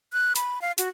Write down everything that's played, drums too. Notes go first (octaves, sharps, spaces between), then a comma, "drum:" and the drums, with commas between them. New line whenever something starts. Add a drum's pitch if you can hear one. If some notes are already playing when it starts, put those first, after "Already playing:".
F#6
B5, drum: hi-hat
F5
F#4, drum: hi-hat